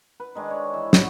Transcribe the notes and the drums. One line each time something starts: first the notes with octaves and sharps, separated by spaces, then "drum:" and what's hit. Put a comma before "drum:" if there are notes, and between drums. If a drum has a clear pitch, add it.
B4
D#3 G#3 D4
C#5
E3
F#4, drum: snare